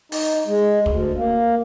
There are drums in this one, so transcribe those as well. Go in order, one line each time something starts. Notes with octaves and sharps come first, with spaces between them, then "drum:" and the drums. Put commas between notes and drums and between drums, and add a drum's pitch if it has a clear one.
D#4, drum: open hi-hat
G#3
D2, drum: kick
A#3